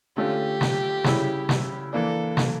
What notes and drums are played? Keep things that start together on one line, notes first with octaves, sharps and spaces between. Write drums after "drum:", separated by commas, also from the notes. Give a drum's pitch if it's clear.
D3 A3 C#4 F4 G4
drum: snare
C#3 G3 C#4 E4, drum: snare
drum: snare
E3 A#3 D4 A4
drum: snare